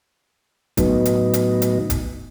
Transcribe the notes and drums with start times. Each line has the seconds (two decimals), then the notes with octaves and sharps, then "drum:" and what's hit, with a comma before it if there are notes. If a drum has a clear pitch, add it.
0.77 A2 F#3 B3 D#4, drum: kick, hi-hat
1.05 drum: hi-hat
1.34 drum: hi-hat
1.62 drum: hi-hat
1.90 drum: kick, hi-hat